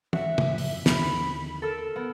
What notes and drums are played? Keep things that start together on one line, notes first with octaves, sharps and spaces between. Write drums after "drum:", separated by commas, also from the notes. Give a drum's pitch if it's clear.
F#4 E5, drum: tom
F#2 A2 F3, drum: tom
drum: open hi-hat
D#2 D3 D#3 B5, drum: snare
A4 A#4 E6
B3